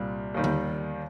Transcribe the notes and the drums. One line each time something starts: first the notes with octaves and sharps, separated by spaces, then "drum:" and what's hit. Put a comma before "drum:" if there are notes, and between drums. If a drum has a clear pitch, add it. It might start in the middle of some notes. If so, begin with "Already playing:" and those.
Already playing: C2 A#2 G3
D#2 D#3 G3
drum: tom D3